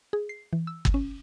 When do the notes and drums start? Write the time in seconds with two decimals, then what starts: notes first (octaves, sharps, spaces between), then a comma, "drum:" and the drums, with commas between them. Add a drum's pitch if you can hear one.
0.13 G#4
0.29 C7
0.53 E3
0.67 E6
0.85 drum: kick G1
0.94 C#4